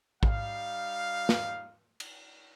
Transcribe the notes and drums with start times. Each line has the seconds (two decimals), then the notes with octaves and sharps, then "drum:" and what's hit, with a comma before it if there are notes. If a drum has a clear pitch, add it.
0.23 G3 D#4 F5, drum: kick A1
1.29 drum: snare
2.00 drum: cymbal